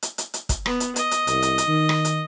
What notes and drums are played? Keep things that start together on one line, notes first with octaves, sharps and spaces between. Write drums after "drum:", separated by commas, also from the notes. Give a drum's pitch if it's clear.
drum: hi-hat
drum: hi-hat
drum: hi-hat
drum: kick, hi-hat
B3, drum: rim click
drum: hi-hat
D#5, drum: hi-hat
drum: hi-hat
C2, drum: hi-hat
drum: hi-hat
drum: hi-hat
D#3
drum: rim click
drum: hi-hat